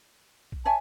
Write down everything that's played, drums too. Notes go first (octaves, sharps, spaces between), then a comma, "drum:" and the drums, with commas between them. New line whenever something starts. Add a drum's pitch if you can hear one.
drum: kick A#1
C#5 E5 G#5 A5